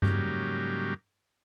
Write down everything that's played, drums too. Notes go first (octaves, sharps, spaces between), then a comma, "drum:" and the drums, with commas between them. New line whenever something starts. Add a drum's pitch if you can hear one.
G#2 C#3 F#3 G3 A#3 G4, drum: tom G2